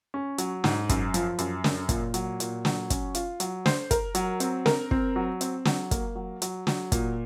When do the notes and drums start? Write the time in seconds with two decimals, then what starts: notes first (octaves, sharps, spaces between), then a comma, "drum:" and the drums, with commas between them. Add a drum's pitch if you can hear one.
0.14 C#4
0.38 F#3, drum: hi-hat
0.64 G#2, drum: snare
0.89 F#2, drum: kick, hi-hat
1.14 F3, drum: hi-hat
1.39 F#2, drum: hi-hat
1.64 F#2, drum: snare
1.89 A#2, drum: kick, hi-hat
2.14 F#3, drum: hi-hat
2.40 A#2, drum: hi-hat
2.65 F#3, drum: snare
2.90 C#4, drum: kick, hi-hat
3.15 F4, drum: hi-hat
3.40 F#3, drum: hi-hat
3.66 C5, drum: snare
3.91 A#4, drum: kick, hi-hat
4.15 F#3, drum: hi-hat
4.40 C4, drum: hi-hat
4.66 A#4, drum: snare
4.91 C4, drum: kick
5.16 F#3
5.41 C4, drum: hi-hat
5.65 F#3, drum: snare
5.91 A#3, drum: kick, hi-hat
6.15 F#3
6.42 F#3, drum: hi-hat
6.67 F#3, drum: snare
6.92 A#2, drum: kick, hi-hat